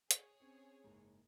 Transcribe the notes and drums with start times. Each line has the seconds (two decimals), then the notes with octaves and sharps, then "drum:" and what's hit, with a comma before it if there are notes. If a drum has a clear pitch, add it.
0.11 G#4 C#5, drum: hi-hat
0.40 C4 C#4
0.84 F#1 G#2